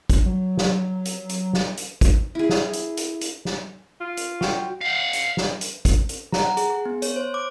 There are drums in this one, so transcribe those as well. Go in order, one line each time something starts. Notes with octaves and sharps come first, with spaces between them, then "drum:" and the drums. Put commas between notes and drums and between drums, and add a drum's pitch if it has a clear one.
drum: kick, hi-hat
F#3
drum: snare
drum: hi-hat
drum: hi-hat
drum: snare
drum: hi-hat
drum: kick, hi-hat
E4 G#4
drum: snare
drum: hi-hat
drum: hi-hat
drum: hi-hat
drum: snare
F4
drum: hi-hat
F#4 G5, drum: snare
F5 F#5
drum: hi-hat
drum: snare
drum: hi-hat
drum: kick, hi-hat
drum: hi-hat
A#5, drum: snare
F#5
G#4, drum: hi-hat
G#4
B3
C#5, drum: hi-hat
C5
D6